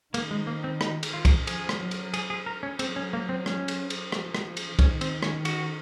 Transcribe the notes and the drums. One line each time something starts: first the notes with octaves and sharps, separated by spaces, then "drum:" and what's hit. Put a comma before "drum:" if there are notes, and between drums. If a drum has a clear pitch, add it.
D#3 A#3, drum: cymbal
G#3
A#3
C4
D#4, drum: rim click
drum: cymbal
F4
drum: kick, cymbal
F3 G#4, drum: cymbal
drum: rim click
F#3
drum: cymbal
G#4, drum: cymbal
G#4
A#4
C#4
F#3 C4, drum: cymbal
C#4
A#3
C4
C#4, drum: rim click
drum: cymbal
drum: cymbal
F3, drum: rim click
drum: rim click
drum: cymbal
D#3 C#4, drum: kick, cymbal
C4, drum: cymbal
C#4, drum: rim click
F#4, drum: cymbal